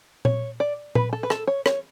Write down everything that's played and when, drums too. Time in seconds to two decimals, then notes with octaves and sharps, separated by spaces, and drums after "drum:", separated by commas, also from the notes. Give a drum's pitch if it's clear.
0.25 C#5, drum: tom A#2
0.60 D5
0.95 B4, drum: tom A#2
1.13 A4
1.23 B4
1.30 A4, drum: rim click
1.47 C#5
1.66 C#5, drum: rim click